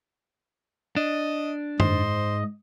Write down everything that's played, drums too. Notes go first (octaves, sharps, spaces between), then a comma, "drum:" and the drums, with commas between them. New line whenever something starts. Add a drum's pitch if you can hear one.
D4 D#5
G#2 C5 D#5, drum: tom F#2